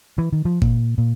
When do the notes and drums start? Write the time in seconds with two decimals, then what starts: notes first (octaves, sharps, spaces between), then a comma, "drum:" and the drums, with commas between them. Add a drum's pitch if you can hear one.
0.18 E3
0.32 D#3
0.45 F3
0.62 A#2, drum: kick G1
0.98 A#2